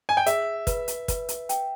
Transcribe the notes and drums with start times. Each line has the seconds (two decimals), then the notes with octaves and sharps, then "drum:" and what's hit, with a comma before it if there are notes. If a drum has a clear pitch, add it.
0.09 G#5
0.17 G5
0.26 G#4 E5, drum: hi-hat
0.67 B4, drum: kick, hi-hat
0.88 drum: hi-hat
1.08 B4, drum: kick, hi-hat
1.29 drum: hi-hat
1.49 G5, drum: hi-hat